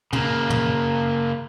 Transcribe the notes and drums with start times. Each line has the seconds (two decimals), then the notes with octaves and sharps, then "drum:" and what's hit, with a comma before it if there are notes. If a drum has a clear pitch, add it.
0.13 C#3 A#3, drum: tom
0.50 drum: tom